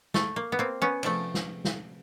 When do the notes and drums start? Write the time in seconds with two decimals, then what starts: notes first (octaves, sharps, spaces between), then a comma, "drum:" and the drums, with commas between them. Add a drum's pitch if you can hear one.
0.14 A3, drum: snare
0.36 A#3
0.52 B3
0.59 A#3 C4
0.82 B3 C#4
1.03 C3 F3 A3, drum: cymbal
1.34 drum: snare
1.65 drum: snare